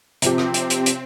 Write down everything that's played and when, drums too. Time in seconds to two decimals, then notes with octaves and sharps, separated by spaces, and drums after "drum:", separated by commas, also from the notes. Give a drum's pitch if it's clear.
0.22 C3 F3 C4 G4, drum: hi-hat
0.38 drum: rim click
0.54 drum: hi-hat
0.70 drum: hi-hat
0.86 drum: hi-hat